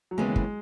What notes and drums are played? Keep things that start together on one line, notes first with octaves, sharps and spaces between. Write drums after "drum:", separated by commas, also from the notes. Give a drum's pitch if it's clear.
F#3
D#2 C#3 E3 G#3 B3
drum: kick